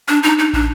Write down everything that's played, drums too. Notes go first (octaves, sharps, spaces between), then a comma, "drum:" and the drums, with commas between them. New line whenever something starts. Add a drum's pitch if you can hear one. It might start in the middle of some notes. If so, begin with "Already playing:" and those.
D4
D#4
D#4
D4, drum: kick